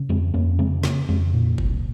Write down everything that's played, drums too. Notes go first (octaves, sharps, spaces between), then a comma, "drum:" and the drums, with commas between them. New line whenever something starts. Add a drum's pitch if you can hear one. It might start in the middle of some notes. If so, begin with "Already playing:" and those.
Already playing: C#3
F2 G#3 C4
F2 A#3 C#4
C#3 G#3 C4
C#3 A#3 C#4, drum: snare
F2 G#3 C4
A#2
C2, drum: kick F#1